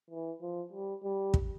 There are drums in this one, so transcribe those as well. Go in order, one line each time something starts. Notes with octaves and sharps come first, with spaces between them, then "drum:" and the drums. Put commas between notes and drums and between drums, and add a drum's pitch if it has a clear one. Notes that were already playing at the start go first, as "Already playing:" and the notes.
E3
F3
G3
G3
drum: kick